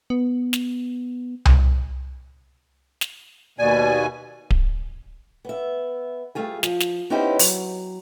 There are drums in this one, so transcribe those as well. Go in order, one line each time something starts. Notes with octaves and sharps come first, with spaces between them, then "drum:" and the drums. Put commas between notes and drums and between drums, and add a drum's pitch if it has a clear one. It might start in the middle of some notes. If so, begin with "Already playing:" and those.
B3
drum: snare
drum: tom C2
drum: snare
D#2 B2 D5 G#5
drum: kick D1
B3 E5
G3 A3 F4 G#4
F3, drum: snare
drum: snare
B3 C#4 D#4 E4 G4 C5
F#3, drum: open hi-hat